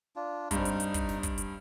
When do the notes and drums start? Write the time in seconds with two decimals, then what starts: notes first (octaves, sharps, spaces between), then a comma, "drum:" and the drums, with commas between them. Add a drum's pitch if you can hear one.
0.16 D4 F4
0.51 G2 G3 C4 D#4, drum: kick, hi-hat
0.65 drum: hi-hat
0.80 drum: hi-hat
0.94 drum: kick, hi-hat
1.09 drum: snare
1.23 drum: kick, hi-hat
1.38 drum: hi-hat